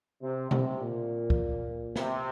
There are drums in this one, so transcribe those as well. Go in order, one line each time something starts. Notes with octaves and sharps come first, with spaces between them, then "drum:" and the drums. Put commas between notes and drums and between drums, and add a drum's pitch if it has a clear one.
C3
C3, drum: tom B2
A#2
drum: kick
C3, drum: snare